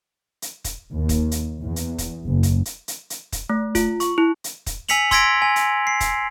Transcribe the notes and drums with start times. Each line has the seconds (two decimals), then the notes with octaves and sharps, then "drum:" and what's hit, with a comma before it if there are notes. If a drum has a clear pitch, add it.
0.42 drum: hi-hat
0.64 drum: kick, hi-hat
0.92 D#2
1.09 drum: kick, hi-hat
1.31 drum: hi-hat
1.61 E2
1.76 drum: hi-hat
1.98 drum: kick, hi-hat
2.26 F#1
2.43 drum: kick, hi-hat
2.65 drum: hi-hat
2.88 drum: hi-hat
3.10 drum: hi-hat
3.32 drum: kick, hi-hat
3.50 A3
3.75 F4, drum: kick, hi-hat
4.00 C#6, drum: hi-hat
4.18 E4
4.44 drum: hi-hat
4.66 drum: kick, hi-hat
4.89 G#5 E6 B6 C#7 F7 F#7, drum: hi-hat
5.11 C6 E6 G#6 A#6 B6 D7, drum: kick, hi-hat
5.42 G#5
5.56 drum: hi-hat
5.87 C7
6.00 drum: kick, hi-hat